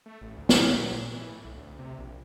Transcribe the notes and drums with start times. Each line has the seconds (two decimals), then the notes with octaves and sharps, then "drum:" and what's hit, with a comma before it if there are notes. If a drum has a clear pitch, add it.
0.06 A3
0.21 A1
0.37 D2
0.49 A1, drum: snare
0.70 A#2
1.14 E3
1.28 A2
1.45 B1
1.57 D2
1.79 C3
1.99 A#1